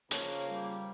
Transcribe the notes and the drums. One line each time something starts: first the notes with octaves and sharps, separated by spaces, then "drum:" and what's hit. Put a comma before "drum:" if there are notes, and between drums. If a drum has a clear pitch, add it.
C#3 F3 A#3 C#5, drum: hi-hat
G3